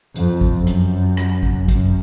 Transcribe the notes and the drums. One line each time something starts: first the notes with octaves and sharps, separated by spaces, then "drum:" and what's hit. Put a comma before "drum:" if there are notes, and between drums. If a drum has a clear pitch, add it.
F2, drum: hi-hat
drum: kick
F#2, drum: hi-hat
drum: rim click
drum: kick
F#2, drum: kick, hi-hat